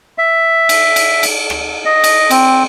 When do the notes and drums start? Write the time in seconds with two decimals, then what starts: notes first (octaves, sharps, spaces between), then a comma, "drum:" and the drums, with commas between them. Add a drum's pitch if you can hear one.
0.18 E5
0.69 drum: cymbal
0.96 drum: cymbal
1.23 drum: cymbal
1.50 drum: rim click
1.85 D#5
2.04 drum: cymbal
2.31 C4, drum: cymbal